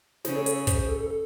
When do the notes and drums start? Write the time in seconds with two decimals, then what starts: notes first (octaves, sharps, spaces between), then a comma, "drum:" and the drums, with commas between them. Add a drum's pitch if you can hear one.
0.25 C#3 G#4 C5, drum: snare
0.35 A4 C#5
0.46 A4 C#5, drum: hi-hat
0.67 G#4 C5, drum: kick, hi-hat
0.78 G#4 C5
0.89 A4
1.00 A4
1.10 A4